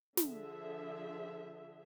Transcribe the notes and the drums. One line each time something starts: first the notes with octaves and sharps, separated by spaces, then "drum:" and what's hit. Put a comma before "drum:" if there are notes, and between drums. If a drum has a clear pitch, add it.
D3 F3 G#4 E5, drum: snare